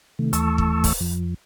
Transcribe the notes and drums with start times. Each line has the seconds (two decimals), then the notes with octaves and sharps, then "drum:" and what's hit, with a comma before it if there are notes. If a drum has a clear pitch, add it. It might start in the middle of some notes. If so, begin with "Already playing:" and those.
0.19 C3 D#3 A3
0.33 D#2 E3 A3 A5 C#6 E6, drum: hi-hat
0.58 drum: kick
0.84 drum: kick, open hi-hat
1.00 F2 F3